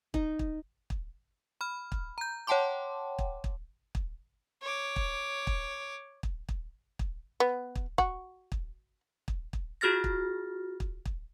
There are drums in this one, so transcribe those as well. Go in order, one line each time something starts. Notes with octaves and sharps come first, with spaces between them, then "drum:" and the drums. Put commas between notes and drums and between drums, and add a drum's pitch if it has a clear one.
D#4, drum: kick
drum: kick
drum: kick
B5 F6
drum: kick
A#5 G6
C#5 F#5 G5 A5 C6 D6
drum: kick
drum: kick
drum: kick
C#5 D6
drum: kick
drum: kick
drum: kick
drum: kick
drum: kick
B3
drum: kick
F#4, drum: kick
drum: kick
drum: kick
drum: kick
F4 F#4 G#4 F6 A6 A#6
drum: kick
drum: kick
drum: kick